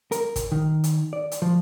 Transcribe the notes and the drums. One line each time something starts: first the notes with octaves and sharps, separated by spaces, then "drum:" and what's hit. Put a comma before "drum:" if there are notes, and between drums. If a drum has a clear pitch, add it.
A#4, drum: hi-hat
drum: kick, hi-hat
D#3
drum: hi-hat
D5
drum: hi-hat
F3